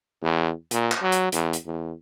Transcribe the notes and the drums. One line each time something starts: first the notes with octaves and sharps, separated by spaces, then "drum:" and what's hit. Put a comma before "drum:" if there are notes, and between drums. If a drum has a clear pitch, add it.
E2
A#2, drum: hi-hat
drum: clap
F#3
drum: hi-hat
E2, drum: hi-hat
drum: hi-hat
E2